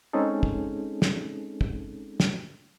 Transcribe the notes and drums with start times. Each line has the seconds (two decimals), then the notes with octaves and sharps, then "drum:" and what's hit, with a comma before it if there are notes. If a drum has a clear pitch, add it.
0.13 G#3 C4 C#4 D#4 G#4 A4
0.43 drum: kick
1.02 drum: snare
1.61 drum: kick
2.20 drum: snare